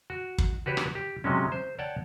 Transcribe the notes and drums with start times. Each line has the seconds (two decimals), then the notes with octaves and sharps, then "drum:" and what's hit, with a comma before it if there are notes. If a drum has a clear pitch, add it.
0.10 F#4
0.38 drum: kick
0.66 F#4 G4 B4 C#5
0.77 drum: rim click
0.95 G4
1.24 C3 F#3 G#3 C#4
1.52 C5
1.79 C#5 D5 F#5 G5 A5